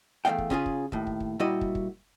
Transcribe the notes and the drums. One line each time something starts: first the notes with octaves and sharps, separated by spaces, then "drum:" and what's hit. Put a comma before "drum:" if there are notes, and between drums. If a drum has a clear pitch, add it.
E2 A3 A#3 D#5 F5 G5
drum: kick
C#3 C#4 F4 G#4, drum: kick
drum: kick
D#2 A2, drum: kick
drum: kick
drum: kick
A#2 G3 E4 F#4 D#5
drum: kick
drum: kick